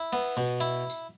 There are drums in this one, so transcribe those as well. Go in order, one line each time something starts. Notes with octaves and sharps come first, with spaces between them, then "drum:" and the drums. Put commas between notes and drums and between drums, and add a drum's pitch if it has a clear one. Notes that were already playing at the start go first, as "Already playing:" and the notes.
Already playing: E4
B3, drum: cymbal
B2
E4, drum: hi-hat
drum: tambourine